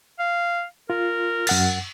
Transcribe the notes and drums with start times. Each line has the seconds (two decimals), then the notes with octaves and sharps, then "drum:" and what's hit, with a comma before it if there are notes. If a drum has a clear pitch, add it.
0.19 F5
0.90 F4 A#4
1.47 F#2 F#5 A6, drum: cymbal